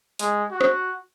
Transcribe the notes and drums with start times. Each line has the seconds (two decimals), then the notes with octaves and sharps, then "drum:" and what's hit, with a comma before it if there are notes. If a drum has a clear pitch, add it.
0.19 G#3, drum: hi-hat
0.51 F#4
0.61 drum: rim click